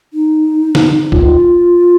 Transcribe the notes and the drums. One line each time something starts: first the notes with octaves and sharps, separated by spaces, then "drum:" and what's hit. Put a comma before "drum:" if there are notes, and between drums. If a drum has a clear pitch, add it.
D#4
drum: snare
F4, drum: kick